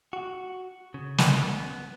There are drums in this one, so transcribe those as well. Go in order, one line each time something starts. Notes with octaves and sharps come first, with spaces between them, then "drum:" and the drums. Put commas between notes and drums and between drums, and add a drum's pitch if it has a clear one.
F#4
C#3
drum: snare
C#3
B3